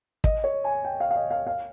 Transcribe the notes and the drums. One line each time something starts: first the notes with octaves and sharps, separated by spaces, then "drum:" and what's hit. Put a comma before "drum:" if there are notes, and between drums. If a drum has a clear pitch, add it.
D#5, drum: kick
C#5
G#5
G5
F5
F5
D#5
F5
F5